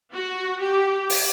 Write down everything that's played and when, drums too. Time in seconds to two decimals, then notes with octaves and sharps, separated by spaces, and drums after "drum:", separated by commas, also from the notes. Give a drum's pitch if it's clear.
0.13 F#4
0.61 G4
1.10 drum: open hi-hat